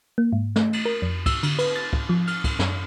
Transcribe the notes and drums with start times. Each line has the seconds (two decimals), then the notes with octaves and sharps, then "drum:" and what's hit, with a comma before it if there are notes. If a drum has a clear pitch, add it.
0.18 A#3
0.33 G#2
0.56 A3, drum: snare
0.73 drum: cymbal
0.85 A#4
1.02 F2
1.26 E6, drum: kick, cymbal
1.43 D3, drum: cymbal
1.59 B4, drum: cymbal
1.76 A6
1.93 drum: kick
2.09 F3
2.28 F6, drum: cymbal
2.44 drum: kick, cymbal
2.59 F#2, drum: snare